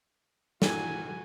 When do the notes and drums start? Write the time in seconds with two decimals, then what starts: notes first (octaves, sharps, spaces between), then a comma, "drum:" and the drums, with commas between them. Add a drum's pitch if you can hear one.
0.62 G2 A#2 E3 F#4 G#5, drum: snare